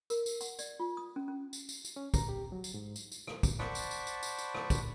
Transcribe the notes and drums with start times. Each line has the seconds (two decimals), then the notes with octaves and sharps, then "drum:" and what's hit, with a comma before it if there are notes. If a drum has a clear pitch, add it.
0.10 A#4, drum: tambourine
0.26 drum: tambourine
0.41 F#5, drum: tambourine
0.59 D5, drum: tambourine
0.80 F4
0.97 D#6
1.16 C#4
1.28 C#4
1.53 drum: tambourine
1.69 drum: tambourine
1.85 drum: tambourine
1.96 C#4
2.14 A#5, drum: kick, tambourine
2.29 G4
2.52 F#3
2.64 drum: tambourine
2.74 G#2
2.96 drum: tambourine
3.12 drum: tambourine
3.27 drum: rim click
3.43 drum: kick, tambourine
3.59 C5 D5 F#5 A5 B5 C#6, drum: rim click
3.75 drum: tambourine
3.91 drum: tambourine
4.07 drum: tambourine
4.23 drum: tambourine
4.38 drum: tambourine
4.54 drum: rim click
4.70 drum: kick, tambourine